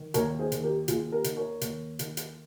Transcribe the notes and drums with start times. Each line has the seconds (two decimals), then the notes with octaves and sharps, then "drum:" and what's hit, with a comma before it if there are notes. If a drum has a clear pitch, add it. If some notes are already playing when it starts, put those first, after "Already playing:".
Already playing: D#3
0.14 D#2 A#4 C#5, drum: hi-hat
0.39 G#4 C5
0.52 D#3, drum: hi-hat
0.64 G4 A#4
0.88 D#2 F4 G#4, drum: hi-hat
1.12 G4 A#4
1.24 D#3, drum: hi-hat
1.37 A#4 C#5
1.61 D#2, drum: hi-hat
1.99 D#3, drum: hi-hat
2.17 drum: hi-hat